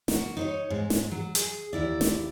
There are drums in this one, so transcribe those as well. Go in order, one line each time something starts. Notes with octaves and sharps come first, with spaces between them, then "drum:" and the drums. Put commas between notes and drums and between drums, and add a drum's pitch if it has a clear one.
A#3 F#4, drum: snare
D#4 C5 C#5
G#2 G#3
drum: snare
F#3
G#4, drum: hi-hat
D#2 E4 D5
drum: snare